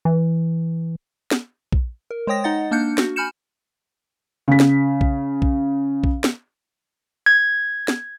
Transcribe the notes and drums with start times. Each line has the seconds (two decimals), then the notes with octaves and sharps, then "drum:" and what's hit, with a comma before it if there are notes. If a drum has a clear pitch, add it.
0.05 E3
1.31 drum: snare
1.72 drum: kick
2.11 A#4
2.27 G#3 C5 C#5 G5 D#6 A#6
2.44 D#4 D#5 F#5 A6
2.71 A#3 D4 F6 G6 C#7
2.98 F#4, drum: snare
3.16 G#5 B5 F6 G6 C#7 E7
4.48 C#3 B6
4.60 drum: snare
5.01 drum: kick
5.42 drum: kick
6.04 drum: kick
6.24 drum: snare
7.26 G#6
7.88 drum: snare